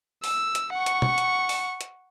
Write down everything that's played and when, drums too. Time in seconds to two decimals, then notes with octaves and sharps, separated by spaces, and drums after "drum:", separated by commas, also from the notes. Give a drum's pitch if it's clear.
0.24 E6, drum: open hi-hat
0.55 drum: hi-hat
0.74 F#5 C#6
0.86 drum: hi-hat
1.02 drum: tom B2
1.18 drum: hi-hat
1.49 drum: open hi-hat
1.81 drum: hi-hat